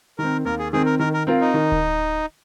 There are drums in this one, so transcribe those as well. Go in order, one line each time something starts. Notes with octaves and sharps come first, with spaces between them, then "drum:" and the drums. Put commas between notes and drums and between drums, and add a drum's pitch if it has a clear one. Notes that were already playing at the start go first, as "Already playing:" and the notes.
D#3 C4 A#4
D#2 A#4
G#4
D#3 C4 G#4
A#4
D#3 A#4
A#4
C4 F4 A#4
D#4
D#3
drum: kick D1